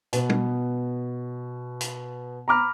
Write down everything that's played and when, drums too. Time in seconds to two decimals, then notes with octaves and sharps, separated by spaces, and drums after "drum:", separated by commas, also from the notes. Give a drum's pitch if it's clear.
0.13 B2 B3, drum: hi-hat
0.30 drum: tom
1.81 drum: hi-hat
2.48 A#5 B5 D6 F6